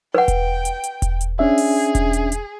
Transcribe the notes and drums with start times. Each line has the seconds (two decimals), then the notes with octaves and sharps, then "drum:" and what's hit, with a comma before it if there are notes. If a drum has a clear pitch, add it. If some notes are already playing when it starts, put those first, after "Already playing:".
0.15 B4 F#5 G5
0.28 drum: kick E1, hi-hat
0.65 drum: hi-hat
0.84 drum: hi-hat
1.02 drum: kick E1, hi-hat
1.21 drum: hi-hat
1.39 C#4 D4 G#4 E5
1.58 drum: open hi-hat
1.95 drum: kick E1, hi-hat
2.13 drum: hi-hat
2.32 drum: hi-hat